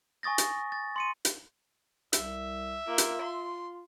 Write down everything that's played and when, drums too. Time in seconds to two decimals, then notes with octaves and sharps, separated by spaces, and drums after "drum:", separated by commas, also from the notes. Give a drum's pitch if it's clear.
0.23 G#5 C#6 D#6 A6 A#6
0.38 drum: hi-hat
0.72 A6
0.96 C6 C#7 D#7
1.25 drum: hi-hat
2.13 C2 E5, drum: hi-hat
2.88 A#3 F4
2.98 drum: hi-hat
3.21 C6